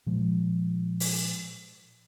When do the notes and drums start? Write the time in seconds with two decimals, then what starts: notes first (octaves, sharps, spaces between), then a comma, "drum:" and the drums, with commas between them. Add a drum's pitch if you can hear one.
0.06 A#2 F3 G#3
1.00 drum: open hi-hat